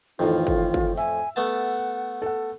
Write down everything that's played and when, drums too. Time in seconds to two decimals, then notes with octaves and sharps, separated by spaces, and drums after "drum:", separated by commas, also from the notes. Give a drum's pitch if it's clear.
0.19 F2 A2 D#3 E3 F4
0.47 drum: kick
0.74 drum: kick
0.97 E5 G#5
1.36 A3 B3 F#5 A5
2.22 A4 F#5